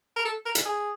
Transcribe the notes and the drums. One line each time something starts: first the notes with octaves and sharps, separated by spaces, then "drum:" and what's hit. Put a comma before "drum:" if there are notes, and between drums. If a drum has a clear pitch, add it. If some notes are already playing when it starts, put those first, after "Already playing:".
A#4
A4
A#4
drum: hi-hat
G#4